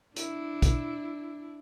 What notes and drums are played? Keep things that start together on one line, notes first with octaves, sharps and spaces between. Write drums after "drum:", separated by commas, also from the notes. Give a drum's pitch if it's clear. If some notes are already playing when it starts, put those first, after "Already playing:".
D4 E4, drum: hi-hat
drum: kick, hi-hat